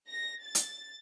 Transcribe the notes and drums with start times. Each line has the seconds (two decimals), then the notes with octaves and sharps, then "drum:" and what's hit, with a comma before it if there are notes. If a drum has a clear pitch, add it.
0.10 A#6
0.45 A6
0.55 drum: hi-hat